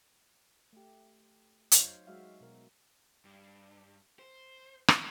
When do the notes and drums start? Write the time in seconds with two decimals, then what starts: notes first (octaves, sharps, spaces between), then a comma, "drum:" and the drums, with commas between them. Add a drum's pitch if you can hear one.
0.73 A3 G4
1.72 F#3 D#4 C5 C#5 F5, drum: hi-hat
2.07 F#3 G#3 F#4 E5 F5
2.41 B2 A#4
3.25 G2
4.19 C5
4.88 drum: rim click